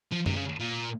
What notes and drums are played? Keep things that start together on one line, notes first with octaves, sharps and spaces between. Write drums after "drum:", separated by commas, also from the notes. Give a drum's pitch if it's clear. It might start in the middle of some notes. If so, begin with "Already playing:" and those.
F3
C3, drum: tom F#2
C#3
A#2